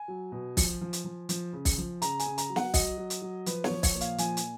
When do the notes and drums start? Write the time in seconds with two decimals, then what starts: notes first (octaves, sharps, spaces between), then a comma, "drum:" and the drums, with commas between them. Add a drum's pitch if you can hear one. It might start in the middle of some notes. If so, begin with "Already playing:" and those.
Already playing: G#5
0.08 F#3
0.32 B2
0.57 F3, drum: kick B1, open hi-hat
0.81 F3
0.93 drum: hi-hat
1.05 F3
1.29 F3, drum: hi-hat
1.53 C#3
1.65 drum: kick B1, open hi-hat
1.78 F3
2.02 C#3 A#5, drum: hi-hat
2.19 G#5, drum: hi-hat
2.25 C#3
2.38 A#5, drum: hi-hat
2.49 F#3
2.56 F#5, drum: snare
2.74 F#3 D#5, drum: kick B1, open hi-hat
2.98 F#3
3.10 drum: hi-hat
3.22 F#3
3.46 F3 B4, drum: hi-hat
3.64 C#5, drum: snare
3.70 F3
3.83 C#5, drum: kick B1, open hi-hat
3.95 A#2
4.01 F5, drum: hi-hat
4.18 F3 G#5, drum: hi-hat
4.37 drum: hi-hat